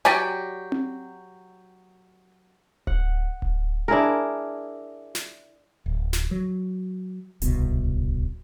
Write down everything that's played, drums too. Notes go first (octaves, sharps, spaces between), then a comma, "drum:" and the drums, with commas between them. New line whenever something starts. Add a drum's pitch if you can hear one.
F#3 G4 D5 G5 G#5
drum: tom C4
F#5, drum: kick D1
drum: kick D1
D4 E4 G#4 A#4
drum: snare
D1
drum: snare
F#3
D1 C2 B2, drum: hi-hat